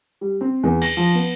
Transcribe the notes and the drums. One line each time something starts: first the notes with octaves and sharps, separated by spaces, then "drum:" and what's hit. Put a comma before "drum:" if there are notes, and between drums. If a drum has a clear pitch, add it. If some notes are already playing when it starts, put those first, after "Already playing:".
G3
C4
E2
A#6, drum: cymbal
F3
B3